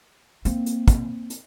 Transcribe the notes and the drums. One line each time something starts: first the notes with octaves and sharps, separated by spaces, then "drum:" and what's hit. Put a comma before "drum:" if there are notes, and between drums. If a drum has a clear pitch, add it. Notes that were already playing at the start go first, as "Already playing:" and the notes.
A#3 C4, drum: hi-hat
drum: hi-hat
drum: kick, hi-hat
drum: hi-hat